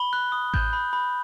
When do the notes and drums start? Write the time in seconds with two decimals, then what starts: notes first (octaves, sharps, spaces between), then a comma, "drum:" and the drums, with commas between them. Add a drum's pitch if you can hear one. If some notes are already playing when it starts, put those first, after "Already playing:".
Already playing: B5 G7
0.13 F#6
0.32 D#6
0.54 G6, drum: kick A1
0.73 B5
0.93 B5